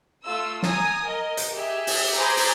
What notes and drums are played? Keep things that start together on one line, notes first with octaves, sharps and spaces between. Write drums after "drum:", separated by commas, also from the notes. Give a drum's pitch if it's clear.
A3 F4 E6
G#5 A#5 D#6, drum: snare
A#4 D#5
drum: hi-hat
G4 G#4 E5
drum: open hi-hat
G#4 C5 A#5 B5 D6 G6
drum: open hi-hat